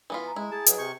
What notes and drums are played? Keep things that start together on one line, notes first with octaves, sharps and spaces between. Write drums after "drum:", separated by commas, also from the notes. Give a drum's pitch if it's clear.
E3 B3 E4 F4 B6
G#5 A#5
G#3 E4
G#4 A5
F#3 B4 D#5, drum: hi-hat
C3 C#6 G6 G#6